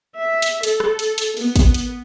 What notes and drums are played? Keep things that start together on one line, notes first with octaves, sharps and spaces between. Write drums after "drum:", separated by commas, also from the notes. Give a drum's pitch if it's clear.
E5
drum: hi-hat
A4, drum: hi-hat
drum: rim click
drum: hi-hat
drum: hi-hat
B3, drum: open hi-hat
drum: kick, hi-hat
drum: hi-hat